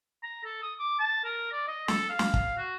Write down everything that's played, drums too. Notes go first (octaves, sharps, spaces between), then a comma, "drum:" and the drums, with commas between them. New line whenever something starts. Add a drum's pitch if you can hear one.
A#5
A4
D#6
D6
A5
A#4
D5
D#5
A4, drum: snare
F5
drum: snare
drum: kick
F#4